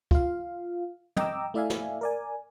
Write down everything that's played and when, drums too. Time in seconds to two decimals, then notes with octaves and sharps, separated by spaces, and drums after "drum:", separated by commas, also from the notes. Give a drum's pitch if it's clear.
0.11 F4 F5, drum: kick
1.17 D#5 G5 A#5 D6 E6, drum: tom
1.54 A3 E4 D5 E5 F5 G#5
1.70 drum: snare
2.01 A#4 D5 G#5